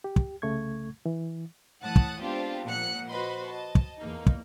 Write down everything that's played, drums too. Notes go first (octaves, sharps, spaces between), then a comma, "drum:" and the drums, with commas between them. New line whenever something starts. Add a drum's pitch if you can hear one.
G4
drum: kick
C2 C#3 A3 C#6 G#6
E3
A2 E3 F#5 A5 D#6 F#6
drum: kick
G#3 B3 C4 D4 F4 G4
A#2 F3 F#5 F#6 C#7
F#4 B4 C5 D#5 B5 C6
D#5 A5
drum: kick
E2 A#3 D#4
drum: kick